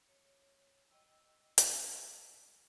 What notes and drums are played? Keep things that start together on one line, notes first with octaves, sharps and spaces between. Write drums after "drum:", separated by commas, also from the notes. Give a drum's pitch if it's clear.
C#5
D#5 G5 E6
drum: hi-hat